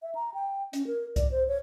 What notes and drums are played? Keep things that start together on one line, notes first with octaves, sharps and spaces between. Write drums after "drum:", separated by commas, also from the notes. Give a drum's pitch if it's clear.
E5
A#5
G5
C#4, drum: hi-hat
A#4
D5, drum: kick C2, hi-hat
C5
C#5